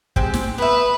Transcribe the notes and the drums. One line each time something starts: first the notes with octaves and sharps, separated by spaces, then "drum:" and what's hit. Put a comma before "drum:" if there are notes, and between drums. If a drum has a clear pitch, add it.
G#3 C4 G4, drum: kick
drum: snare
B3 B4 E5